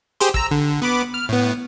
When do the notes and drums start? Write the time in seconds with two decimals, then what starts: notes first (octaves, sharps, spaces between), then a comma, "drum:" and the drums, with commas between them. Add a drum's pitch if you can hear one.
0.20 G4 G#4 C5, drum: hi-hat
0.34 A#5 E6, drum: kick
0.51 D3
0.82 B3 B5 D6
1.14 F6
1.29 A2 B3